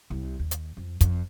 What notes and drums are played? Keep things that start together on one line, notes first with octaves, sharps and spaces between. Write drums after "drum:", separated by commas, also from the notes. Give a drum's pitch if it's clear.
C2
D#2
drum: hi-hat
F2
F2, drum: kick, hi-hat